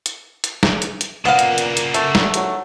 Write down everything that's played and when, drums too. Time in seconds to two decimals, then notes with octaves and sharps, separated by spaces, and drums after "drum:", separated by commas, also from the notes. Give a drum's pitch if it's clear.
0.06 drum: hi-hat
0.44 drum: hi-hat
0.63 drum: snare
0.82 drum: hi-hat
1.01 drum: hi-hat
1.25 A#2 C#3 A#3 B3 F5 F#5
1.39 drum: hi-hat
1.58 drum: hi-hat
1.77 drum: hi-hat
1.94 A3, drum: hi-hat
2.15 drum: snare
2.34 A#1 G#2 F#3, drum: hi-hat